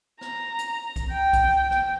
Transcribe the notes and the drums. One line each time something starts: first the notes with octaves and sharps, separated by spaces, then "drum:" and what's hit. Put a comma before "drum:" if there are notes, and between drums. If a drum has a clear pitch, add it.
A#5, drum: rim click
drum: hi-hat
drum: kick B1, hi-hat
G5
drum: kick B1, hi-hat
drum: rim click